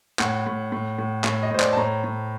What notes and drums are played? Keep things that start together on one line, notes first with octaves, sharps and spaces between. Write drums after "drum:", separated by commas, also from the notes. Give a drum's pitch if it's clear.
A2 F#5, drum: clap
A2
A2
A2
A2, drum: clap
D#5
A2 C5
D5, drum: clap
A5
A2 A#5
A2